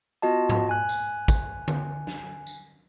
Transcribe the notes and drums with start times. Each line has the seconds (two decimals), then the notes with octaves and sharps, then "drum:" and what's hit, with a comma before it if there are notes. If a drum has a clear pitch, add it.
0.22 B3 F4 F#4 D#5 A5
0.49 drum: tom G#2
0.69 G#5 F#6
0.89 drum: tambourine
1.28 drum: kick, tambourine
1.68 drum: tom D3
2.07 drum: snare
2.47 drum: tambourine